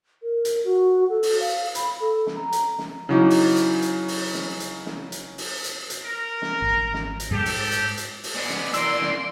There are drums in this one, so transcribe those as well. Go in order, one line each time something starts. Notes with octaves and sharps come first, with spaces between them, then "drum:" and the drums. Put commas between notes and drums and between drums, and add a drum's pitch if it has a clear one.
A#4
drum: hi-hat
F#4
A4
drum: open hi-hat
F5
B5, drum: hi-hat
A4
drum: snare
A#5
drum: hi-hat
drum: snare
C#3 F#3 D#4 E4 D6
drum: open hi-hat
drum: hi-hat
drum: hi-hat
drum: open hi-hat
drum: snare
drum: hi-hat
drum: snare
drum: hi-hat
drum: open hi-hat
drum: hi-hat
drum: hi-hat
A#4
drum: snare
G#1
drum: snare
drum: hi-hat
G#2 G#3 G4 A4
drum: open hi-hat
drum: hi-hat
drum: hi-hat
drum: open hi-hat
G#3 B3 D5
drum: snare
E3 A#3 C6 E6 D7, drum: hi-hat
drum: snare